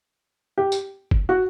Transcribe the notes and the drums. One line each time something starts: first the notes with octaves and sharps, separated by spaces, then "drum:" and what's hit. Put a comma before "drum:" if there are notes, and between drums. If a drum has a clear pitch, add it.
G4
drum: tambourine
drum: kick F#1
F#4